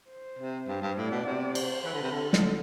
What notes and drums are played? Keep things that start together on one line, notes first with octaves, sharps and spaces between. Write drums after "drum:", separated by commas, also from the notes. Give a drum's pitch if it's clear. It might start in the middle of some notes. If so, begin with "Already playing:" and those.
C5
C3
G2
G2
A2 D5
B2
C3
C5, drum: cymbal
E3 B4
D3
C3
D3 A4
drum: snare